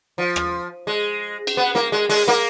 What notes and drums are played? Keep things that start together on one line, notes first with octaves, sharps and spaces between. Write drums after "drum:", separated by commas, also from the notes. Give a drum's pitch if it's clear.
F3
drum: rim click
G#3
drum: cymbal
B3
A#3, drum: snare
G#3
G#3, drum: open hi-hat
A#3, drum: snare